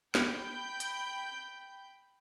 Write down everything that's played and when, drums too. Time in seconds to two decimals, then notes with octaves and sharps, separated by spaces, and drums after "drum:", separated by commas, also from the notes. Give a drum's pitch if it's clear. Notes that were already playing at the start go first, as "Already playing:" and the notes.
0.15 G5 B5 G6, drum: snare
0.80 drum: hi-hat